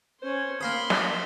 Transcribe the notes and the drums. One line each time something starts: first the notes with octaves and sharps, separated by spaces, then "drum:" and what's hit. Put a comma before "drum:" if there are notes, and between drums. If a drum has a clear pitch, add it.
C#4 C5
A#3 F5 B5 C6 D#6
drum: snare